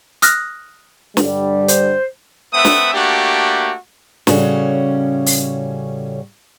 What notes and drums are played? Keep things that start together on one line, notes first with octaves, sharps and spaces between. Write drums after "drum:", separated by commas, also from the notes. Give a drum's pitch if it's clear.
D#6 F6 F#6 A#6, drum: hi-hat
G2 D3 G3, drum: snare
C5, drum: hi-hat
A3 C4 B4 E5 F#5 D#6
drum: snare
A3 A#3 D4 F#4 G4
A2 C#3 G3 C#4 F#4, drum: snare
drum: open hi-hat